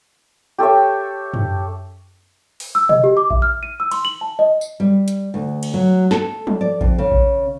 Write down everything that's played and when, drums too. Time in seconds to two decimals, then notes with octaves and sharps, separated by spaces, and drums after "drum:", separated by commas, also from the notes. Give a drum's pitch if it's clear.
0.58 G4 A4 C#5 E5
1.34 drum: tom
2.60 drum: open hi-hat
2.75 E6
2.89 D#5, drum: tom B2
3.04 G4
3.17 D6
3.30 E5, drum: kick A#1
3.42 F6
3.63 D#7
3.80 E6
3.91 C6, drum: cymbal
4.05 F#7
4.21 A5
4.39 D#5
4.61 drum: tambourine
4.80 G3
5.08 drum: hi-hat
5.34 D2
5.63 drum: cymbal
5.74 F#3
6.11 A4, drum: snare
6.47 drum: tom F3
6.61 D5
6.81 F2, drum: kick A#1
6.98 C#3
7.11 drum: kick A#1